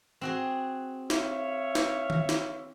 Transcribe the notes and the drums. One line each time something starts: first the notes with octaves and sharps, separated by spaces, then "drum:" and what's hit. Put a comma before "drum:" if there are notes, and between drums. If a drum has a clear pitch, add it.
C4 F#4 G#4
C#5 E5 F5, drum: snare
drum: snare
drum: tom D#3
drum: snare